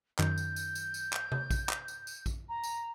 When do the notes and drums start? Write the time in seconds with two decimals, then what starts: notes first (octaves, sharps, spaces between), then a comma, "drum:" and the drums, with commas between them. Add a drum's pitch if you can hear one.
0.19 F#2 D#3 G6, drum: clap
0.38 drum: tambourine
0.56 drum: tambourine
0.75 drum: tambourine
0.94 drum: tambourine
1.13 drum: clap
1.32 drum: tom C3
1.51 drum: kick A#1, tambourine
1.69 drum: clap
1.88 drum: tambourine
2.07 drum: tambourine
2.26 drum: kick A#1, tambourine
2.49 A#5
2.63 drum: tambourine